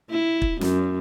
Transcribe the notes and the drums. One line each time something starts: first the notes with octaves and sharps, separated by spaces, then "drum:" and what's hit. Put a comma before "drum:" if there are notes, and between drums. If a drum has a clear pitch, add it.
E4
drum: kick
F#2, drum: snare